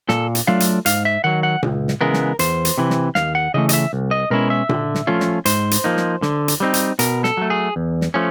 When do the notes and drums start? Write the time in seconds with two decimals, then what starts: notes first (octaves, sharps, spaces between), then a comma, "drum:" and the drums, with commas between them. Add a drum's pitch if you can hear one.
0.09 A#2 A4, drum: snare
0.35 drum: hi-hat
0.47 F#3 A3 D4 F4 F5
0.60 drum: hi-hat
0.86 G#2 F5, drum: hi-hat
1.05 E5
1.24 D#3 F#3 F#5
1.43 F#5
1.63 C#2, drum: tom A#2
1.88 drum: snare
2.01 C#3 E3 G#3 B3 A#4
2.14 drum: snare
2.39 E2 C5, drum: hi-hat
2.65 drum: hi-hat
2.78 C3 E3
2.90 drum: snare
3.15 D#2 F5, drum: snare
3.35 F#5
3.54 C#3 E3 A3 D#5
3.69 D#5, drum: hi-hat
3.73 E5
3.93 C2
4.11 D#5
4.30 B2 G#3 C#4 E4 A#4
4.50 E5
4.69 D3, drum: tom A#2
4.95 drum: snare
5.07 F3 A3 C#4 F4
5.20 drum: snare
5.45 G#2 C5, drum: hi-hat
5.71 drum: hi-hat
5.84 F3 A#3 D#4
5.97 drum: snare
6.22 D3, drum: snare
6.48 drum: hi-hat
6.60 G3 C4 D#4
6.74 drum: hi-hat
6.99 B2 A#4, drum: hi-hat
7.24 A4, drum: snare
7.37 F#3 A3
7.50 G#4
7.76 E2
8.01 drum: snare
8.14 F3 A3 C#4